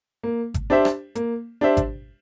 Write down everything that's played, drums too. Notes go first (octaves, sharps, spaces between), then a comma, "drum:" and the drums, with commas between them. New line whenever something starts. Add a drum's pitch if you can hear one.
A#3
drum: kick G#1, hi-hat
D4 G4 C5 E5
drum: rim click
A#3, drum: hi-hat
D4 G4 C5 E5
drum: kick G#1, hi-hat